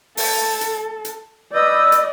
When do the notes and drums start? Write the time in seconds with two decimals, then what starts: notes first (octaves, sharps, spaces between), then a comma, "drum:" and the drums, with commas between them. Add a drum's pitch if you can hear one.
0.17 A4, drum: open hi-hat
0.61 drum: hi-hat
1.05 drum: hi-hat
1.53 B4 D5 D#5 E6 G6
1.92 drum: hi-hat